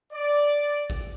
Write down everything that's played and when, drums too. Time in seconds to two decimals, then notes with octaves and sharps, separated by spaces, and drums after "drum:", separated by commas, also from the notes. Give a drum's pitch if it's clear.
0.13 D5
0.90 drum: kick A1